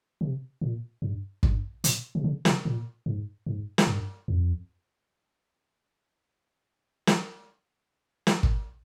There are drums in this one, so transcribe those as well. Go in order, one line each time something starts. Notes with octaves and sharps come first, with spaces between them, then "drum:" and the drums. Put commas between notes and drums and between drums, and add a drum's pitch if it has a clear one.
C3
A#2
G2
G2, drum: kick
A#2, drum: hi-hat
C3
C#3
C3, drum: snare
A#2
G#2
G#2
drum: snare
G2
F2
drum: snare
drum: snare
drum: kick